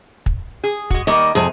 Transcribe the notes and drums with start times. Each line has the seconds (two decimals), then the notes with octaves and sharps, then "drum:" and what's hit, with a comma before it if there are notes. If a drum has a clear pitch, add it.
0.26 drum: kick
0.64 G#4
0.90 G#3 F#4, drum: kick
1.07 D#3 G3 A#3 D#5
1.35 F2 C3 G#4 G#5